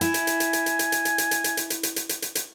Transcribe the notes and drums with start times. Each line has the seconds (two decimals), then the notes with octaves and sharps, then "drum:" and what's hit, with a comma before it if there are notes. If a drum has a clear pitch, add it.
0.01 E4 G#5, drum: hi-hat
0.14 drum: hi-hat
0.27 drum: hi-hat
0.40 drum: hi-hat
0.53 drum: hi-hat
0.66 drum: hi-hat
0.79 drum: hi-hat
0.92 drum: hi-hat
1.05 drum: hi-hat
1.18 drum: hi-hat
1.31 drum: hi-hat
1.44 drum: hi-hat
1.57 drum: hi-hat
1.70 drum: hi-hat
1.83 drum: hi-hat
1.96 drum: hi-hat
2.09 drum: hi-hat
2.22 drum: hi-hat
2.35 drum: hi-hat